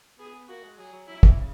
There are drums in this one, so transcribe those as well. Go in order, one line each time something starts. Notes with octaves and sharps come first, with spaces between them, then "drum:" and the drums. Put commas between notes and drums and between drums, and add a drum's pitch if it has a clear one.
B3 G#4
B3
A#3 F#4
G#3
F#3 G#4
F#3
F#3 E4
E3, drum: kick
C#3